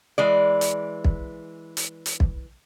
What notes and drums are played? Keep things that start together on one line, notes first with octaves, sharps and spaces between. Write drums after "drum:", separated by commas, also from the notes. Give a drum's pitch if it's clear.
E3 G#3 D5
drum: hi-hat
drum: kick
drum: hi-hat
drum: hi-hat
drum: kick